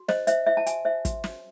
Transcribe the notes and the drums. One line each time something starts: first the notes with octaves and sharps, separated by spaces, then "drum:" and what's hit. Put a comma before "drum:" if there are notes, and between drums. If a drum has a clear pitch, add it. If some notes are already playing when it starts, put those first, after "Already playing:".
Already playing: F#4
C5 D#5, drum: snare
C5 E5, drum: hi-hat
C5 E5
A5
F#4 G#5, drum: hi-hat
C5 E5
F#4, drum: kick, hi-hat
F#4, drum: snare